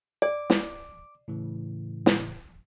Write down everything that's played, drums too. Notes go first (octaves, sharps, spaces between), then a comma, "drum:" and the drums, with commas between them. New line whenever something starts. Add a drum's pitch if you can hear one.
D5 D6
drum: snare
A2 C#3 E3
drum: snare